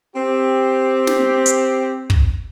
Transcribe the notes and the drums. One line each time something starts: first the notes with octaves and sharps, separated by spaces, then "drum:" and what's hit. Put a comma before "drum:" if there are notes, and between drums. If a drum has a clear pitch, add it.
C4 G4
drum: snare
drum: hi-hat
drum: kick